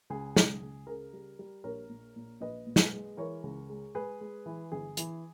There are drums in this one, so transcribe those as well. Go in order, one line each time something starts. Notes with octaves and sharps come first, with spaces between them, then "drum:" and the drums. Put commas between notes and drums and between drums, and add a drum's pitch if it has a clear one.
C#2 G#4
C#2, drum: snare
C#2
C#3 A#4
G3
G3
A#1 A#4 C#5
A#2
A#2
A#1 B4 D#5
A#2
drum: snare
G#3
E3 A#4 C#5
C#2
G#3
G#3 G#4 B4
G#3
E3
G1 G#4
E3, drum: hi-hat